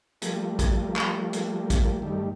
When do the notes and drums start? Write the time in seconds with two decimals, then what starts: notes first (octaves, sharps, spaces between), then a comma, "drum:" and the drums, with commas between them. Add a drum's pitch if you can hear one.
0.22 F3 G3 A3 A#3, drum: hi-hat
0.59 drum: kick, hi-hat
0.96 drum: clap
1.33 drum: hi-hat
1.70 drum: kick, hi-hat
2.02 G2 D#3 G3 A3